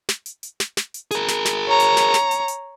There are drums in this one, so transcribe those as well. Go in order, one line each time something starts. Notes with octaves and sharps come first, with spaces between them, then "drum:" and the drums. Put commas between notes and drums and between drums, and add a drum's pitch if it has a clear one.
drum: snare
drum: hi-hat
drum: hi-hat
drum: snare
drum: snare
drum: hi-hat
G#4 A#4, drum: hi-hat
drum: snare
drum: snare
C#5 A#5
drum: hi-hat
drum: snare
drum: snare
drum: hi-hat
drum: hi-hat